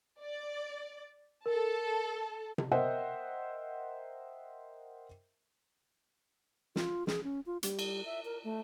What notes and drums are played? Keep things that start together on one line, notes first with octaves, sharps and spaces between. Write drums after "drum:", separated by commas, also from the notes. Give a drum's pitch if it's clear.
D5
A4 A#4 A5
drum: tom C3
A#4 C5 D#5 E5 F#5 G5
F4, drum: snare
G#4, drum: snare
C#4
F4
G3, drum: hi-hat
drum: cymbal
E5
A#4
A3